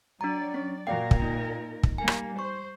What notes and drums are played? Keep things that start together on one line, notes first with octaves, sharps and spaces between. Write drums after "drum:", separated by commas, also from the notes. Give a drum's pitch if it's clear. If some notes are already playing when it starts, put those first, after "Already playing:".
F#3 D4 D5 A#5
C#4
A#2 F#4 A#4 D5 F5 G5
drum: kick
D#4
drum: kick
G3 A#3 G#5
drum: rim click
C5 C#6